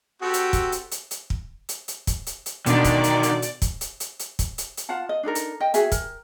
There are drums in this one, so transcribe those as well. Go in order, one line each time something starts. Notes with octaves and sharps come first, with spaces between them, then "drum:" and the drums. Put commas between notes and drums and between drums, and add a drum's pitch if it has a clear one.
C4 F#4 G4 A4
drum: hi-hat
drum: kick, hi-hat
drum: hi-hat
drum: hi-hat
drum: hi-hat
drum: kick
drum: hi-hat
drum: hi-hat
drum: kick, hi-hat
drum: hi-hat
drum: hi-hat
B2 D3 D#3 D4 D5, drum: hi-hat
drum: kick, hi-hat
drum: hi-hat
drum: hi-hat
drum: hi-hat
drum: kick, hi-hat
drum: hi-hat
drum: hi-hat
drum: hi-hat
drum: kick, hi-hat
drum: hi-hat
drum: hi-hat
F4 F5 F#5 A5
D#5
D4 D#4 A4 A#4
drum: hi-hat
D#5 G5
F#4 G#4 E5 G#5, drum: hi-hat
A#4, drum: kick, hi-hat